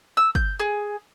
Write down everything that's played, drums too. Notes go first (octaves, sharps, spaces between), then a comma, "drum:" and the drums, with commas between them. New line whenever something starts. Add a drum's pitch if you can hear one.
E6
G6, drum: kick
G#4